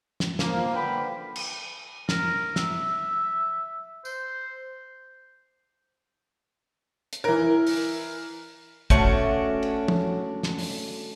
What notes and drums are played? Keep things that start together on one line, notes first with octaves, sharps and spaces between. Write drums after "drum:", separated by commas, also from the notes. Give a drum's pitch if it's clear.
drum: snare
F3 A#3, drum: snare
D3 F3 B4 G5 B5
drum: cymbal
A#4, drum: snare
E5, drum: snare
C5, drum: tambourine
drum: hi-hat
E3 A#4
drum: open hi-hat
A3 C#4 D4 F#4, drum: kick
drum: cymbal
drum: tom
drum: snare
drum: open hi-hat